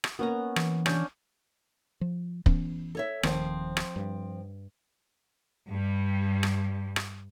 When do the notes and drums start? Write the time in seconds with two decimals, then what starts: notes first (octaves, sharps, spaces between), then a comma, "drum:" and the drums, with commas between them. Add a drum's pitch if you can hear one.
0.04 drum: rim click
0.19 A#3 B3 C#4 A#5
0.56 E3, drum: rim click
0.86 C#4 D4 G6, drum: rim click
2.01 F3
2.46 E3 B3 C#4, drum: kick
2.95 A4 C#5 E5
3.23 D#1 D#3 F3 C4, drum: rim click
3.77 drum: rim click
3.96 G2
5.68 G2 G3
6.43 drum: rim click
6.96 drum: rim click